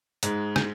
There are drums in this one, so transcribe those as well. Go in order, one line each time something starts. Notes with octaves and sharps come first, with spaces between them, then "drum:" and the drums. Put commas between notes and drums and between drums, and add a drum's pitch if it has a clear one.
G#2 G#3, drum: hi-hat
drum: rim click